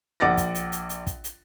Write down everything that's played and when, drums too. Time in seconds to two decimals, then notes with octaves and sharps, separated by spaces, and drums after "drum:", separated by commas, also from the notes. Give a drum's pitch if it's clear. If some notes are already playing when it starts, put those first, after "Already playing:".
0.20 A#1 F#5 D6 A6 A#6
0.37 drum: kick, hi-hat
0.55 drum: hi-hat
0.72 drum: hi-hat
0.89 drum: hi-hat
1.07 drum: kick, hi-hat
1.24 drum: hi-hat